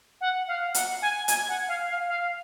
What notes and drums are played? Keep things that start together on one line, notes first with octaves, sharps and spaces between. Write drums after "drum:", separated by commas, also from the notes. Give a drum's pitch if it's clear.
F#5
F5
F#5, drum: hi-hat
G#5
G#5, drum: hi-hat
F#5
F5
F5
F5